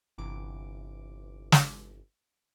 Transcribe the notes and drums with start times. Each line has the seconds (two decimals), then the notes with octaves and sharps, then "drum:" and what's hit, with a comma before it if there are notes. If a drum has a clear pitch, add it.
0.18 G1 C3 E3 D6 D7
1.52 drum: snare